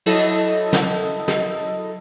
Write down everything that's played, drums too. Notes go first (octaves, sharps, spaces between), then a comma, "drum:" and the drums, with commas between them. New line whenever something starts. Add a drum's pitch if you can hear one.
F#3 E4 A4 D#5, drum: cymbal
drum: snare
drum: snare